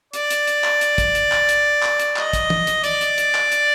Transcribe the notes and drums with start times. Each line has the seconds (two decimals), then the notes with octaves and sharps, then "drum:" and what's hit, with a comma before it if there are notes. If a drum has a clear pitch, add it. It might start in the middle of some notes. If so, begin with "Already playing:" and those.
0.13 D5, drum: hi-hat
0.30 drum: hi-hat
0.47 drum: hi-hat
0.64 drum: clap
0.81 drum: hi-hat
0.98 drum: kick, hi-hat
1.15 drum: hi-hat
1.32 drum: clap
1.49 drum: hi-hat
1.83 drum: clap
2.00 drum: hi-hat
2.16 D#5, drum: clap
2.33 drum: kick, hi-hat
2.50 drum: tom
2.67 drum: hi-hat
2.84 D5, drum: hi-hat
3.01 drum: hi-hat
3.18 drum: hi-hat
3.35 drum: clap
3.52 drum: hi-hat